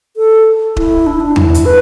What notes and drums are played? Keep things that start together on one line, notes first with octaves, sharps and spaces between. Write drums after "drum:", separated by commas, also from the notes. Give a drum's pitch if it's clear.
A4
E4, drum: kick D#1
D4
E4
D4
E4, drum: tom E2
drum: hi-hat
B4